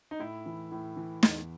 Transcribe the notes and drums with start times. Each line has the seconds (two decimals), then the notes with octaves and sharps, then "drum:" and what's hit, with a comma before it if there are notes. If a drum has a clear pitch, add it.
0.11 D#4
0.19 A2 E4
0.46 E3
0.72 A2
0.97 E3
1.23 E2, drum: snare